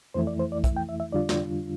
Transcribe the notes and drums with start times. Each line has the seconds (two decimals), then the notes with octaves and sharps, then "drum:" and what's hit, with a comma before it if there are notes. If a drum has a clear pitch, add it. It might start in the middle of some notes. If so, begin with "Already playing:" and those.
0.14 F2 E3 A3 E4 C5
0.27 D5
0.39 C5
0.52 D5
0.64 E5, drum: kick, hi-hat
0.76 G5
0.89 E5
1.00 E5
1.12 F2 D3 G3 D4 F4 D5
1.29 drum: snare